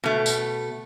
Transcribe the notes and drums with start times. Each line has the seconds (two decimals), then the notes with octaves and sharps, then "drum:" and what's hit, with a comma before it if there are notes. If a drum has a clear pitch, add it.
0.04 B2 A3
0.26 drum: tambourine